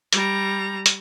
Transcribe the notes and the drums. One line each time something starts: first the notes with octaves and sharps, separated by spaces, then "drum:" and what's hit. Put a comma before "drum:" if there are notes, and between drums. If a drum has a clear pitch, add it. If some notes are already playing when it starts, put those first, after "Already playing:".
G3 A#5, drum: hi-hat
drum: hi-hat